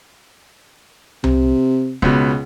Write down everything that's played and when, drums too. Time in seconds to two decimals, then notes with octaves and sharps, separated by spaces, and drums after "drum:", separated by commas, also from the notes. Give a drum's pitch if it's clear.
1.24 C3, drum: tom C2
2.02 C#2 B2, drum: kick